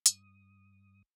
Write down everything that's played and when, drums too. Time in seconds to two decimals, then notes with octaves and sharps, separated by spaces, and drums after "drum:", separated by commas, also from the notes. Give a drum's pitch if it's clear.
0.06 G2 D#6, drum: hi-hat